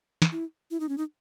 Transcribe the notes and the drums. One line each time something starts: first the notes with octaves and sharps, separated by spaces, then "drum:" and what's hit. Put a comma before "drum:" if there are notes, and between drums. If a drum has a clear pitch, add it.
drum: snare
E4
E4
D#4
C#4
D#4